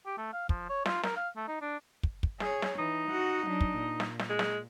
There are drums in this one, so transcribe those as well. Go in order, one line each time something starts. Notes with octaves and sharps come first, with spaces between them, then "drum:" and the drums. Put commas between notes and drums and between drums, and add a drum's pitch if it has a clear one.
G4
A3
F5
F3, drum: kick
C#5
F4, drum: snare
A#4, drum: snare
F5
A3
D#4
D4
drum: kick
drum: kick
G#4 C#5, drum: snare
drum: snare
E3 D#4
F#4 F#5
F#3 D4
drum: kick
A#2
drum: snare
drum: snare
G#3
drum: snare